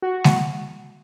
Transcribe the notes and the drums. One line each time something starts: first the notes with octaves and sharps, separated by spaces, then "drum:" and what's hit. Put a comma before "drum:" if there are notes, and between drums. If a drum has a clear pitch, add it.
F#4
drum: snare G#3